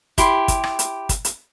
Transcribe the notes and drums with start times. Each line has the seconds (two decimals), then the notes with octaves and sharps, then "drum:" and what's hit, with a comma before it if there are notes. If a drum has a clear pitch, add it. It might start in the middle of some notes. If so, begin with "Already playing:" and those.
0.18 E4 G4 C6, drum: kick, hi-hat
0.48 drum: kick, hi-hat
0.64 drum: rim click
0.79 drum: hi-hat
1.09 drum: kick, hi-hat
1.25 drum: hi-hat